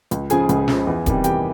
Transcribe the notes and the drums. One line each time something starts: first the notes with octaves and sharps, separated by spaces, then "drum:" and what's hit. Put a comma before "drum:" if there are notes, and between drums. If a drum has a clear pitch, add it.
C#2, drum: hi-hat
C#3 F3 G#4 G#5, drum: hi-hat
C#2, drum: hi-hat
C#3 F3, drum: snare
E2
C3 D#3 G3, drum: kick D#1, hi-hat
E2 G4 G5, drum: hi-hat